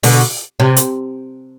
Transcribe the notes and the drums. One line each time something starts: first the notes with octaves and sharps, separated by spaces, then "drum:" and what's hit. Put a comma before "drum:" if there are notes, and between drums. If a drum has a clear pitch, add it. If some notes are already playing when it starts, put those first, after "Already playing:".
B2 D3, drum: open hi-hat
C3
drum: hi-hat